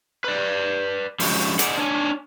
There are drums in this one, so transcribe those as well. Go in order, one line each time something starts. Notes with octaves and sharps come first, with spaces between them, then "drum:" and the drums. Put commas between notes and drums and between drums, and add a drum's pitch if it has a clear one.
B4 D5
D3 F3 F#3 G#3 C#4 G4, drum: open hi-hat
G#4 C5 D5 D#5 F#5, drum: hi-hat
D4 C#5 G#5